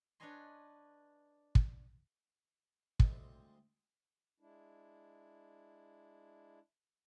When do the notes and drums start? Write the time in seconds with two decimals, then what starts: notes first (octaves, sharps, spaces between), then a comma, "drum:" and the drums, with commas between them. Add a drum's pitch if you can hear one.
0.20 D4 B4 C#5 D#5 G#5 C6
1.55 drum: kick
3.00 D2 G3 G#3 C4, drum: kick
4.40 G#3 D4 E4